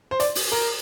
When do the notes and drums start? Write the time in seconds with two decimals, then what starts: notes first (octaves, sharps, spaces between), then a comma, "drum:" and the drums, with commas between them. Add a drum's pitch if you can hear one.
0.11 C5
0.20 D5, drum: hi-hat
0.35 drum: open hi-hat
0.52 A#4